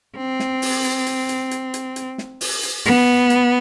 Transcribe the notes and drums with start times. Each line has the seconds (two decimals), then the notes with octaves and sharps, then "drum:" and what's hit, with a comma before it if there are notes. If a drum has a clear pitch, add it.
0.17 C4
0.40 drum: snare
0.62 drum: open hi-hat
0.84 drum: hi-hat
1.07 drum: hi-hat
1.29 drum: hi-hat
1.51 drum: hi-hat
1.74 drum: hi-hat
1.96 drum: hi-hat
2.18 drum: snare
2.41 drum: open hi-hat
2.63 drum: hi-hat
2.85 B3, drum: hi-hat
3.30 drum: hi-hat